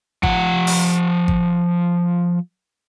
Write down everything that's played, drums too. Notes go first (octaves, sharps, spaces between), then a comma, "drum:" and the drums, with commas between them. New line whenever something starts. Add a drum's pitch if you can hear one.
F3 F#5, drum: kick G#1
drum: open hi-hat
drum: kick G#1